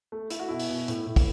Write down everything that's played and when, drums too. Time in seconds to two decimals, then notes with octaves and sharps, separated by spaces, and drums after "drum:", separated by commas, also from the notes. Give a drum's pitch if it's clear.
0.12 A3
0.30 A3 E4, drum: hi-hat
0.39 F#4
0.49 B2 E4
0.59 drum: open hi-hat
0.69 B2
0.88 A2, drum: hi-hat
1.06 A2
1.16 drum: kick, open hi-hat